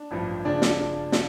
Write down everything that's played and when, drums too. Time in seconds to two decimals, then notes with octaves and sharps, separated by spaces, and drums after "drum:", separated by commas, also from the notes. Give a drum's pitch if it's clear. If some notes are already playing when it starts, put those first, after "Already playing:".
Already playing: D4
0.11 A1 G2 F3
0.45 C#3 F3 D4 D5
0.62 drum: snare
1.12 drum: snare